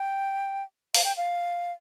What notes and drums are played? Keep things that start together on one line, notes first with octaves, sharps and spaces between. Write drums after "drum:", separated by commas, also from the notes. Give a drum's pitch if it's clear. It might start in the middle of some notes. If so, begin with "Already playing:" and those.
Already playing: G5
F5, drum: open hi-hat
G5
F5